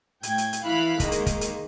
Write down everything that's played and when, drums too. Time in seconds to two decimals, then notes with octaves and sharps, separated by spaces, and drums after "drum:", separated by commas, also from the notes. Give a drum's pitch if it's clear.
0.23 A2 G5 G#6, drum: hi-hat
0.38 drum: hi-hat
0.53 drum: hi-hat
0.64 E3 E4 F5 B5 F#6
1.00 D#3 G#3 A#3, drum: kick, hi-hat
1.12 drum: hi-hat
1.26 drum: kick, hi-hat
1.41 drum: hi-hat